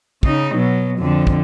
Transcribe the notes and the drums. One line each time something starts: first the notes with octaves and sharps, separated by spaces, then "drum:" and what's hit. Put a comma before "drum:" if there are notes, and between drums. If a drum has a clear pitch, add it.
C#3 D#4, drum: kick
B2 F#3
F2 D3
drum: kick